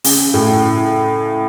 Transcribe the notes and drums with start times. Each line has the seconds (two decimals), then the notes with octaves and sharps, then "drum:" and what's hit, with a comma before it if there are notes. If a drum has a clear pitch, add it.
0.04 C#3, drum: open hi-hat
0.34 A2